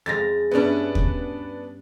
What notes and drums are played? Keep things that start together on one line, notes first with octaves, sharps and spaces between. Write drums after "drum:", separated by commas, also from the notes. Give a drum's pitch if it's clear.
F2 G#3 F5 A6 A#6
G2 B3 C#4 D4 E4
drum: kick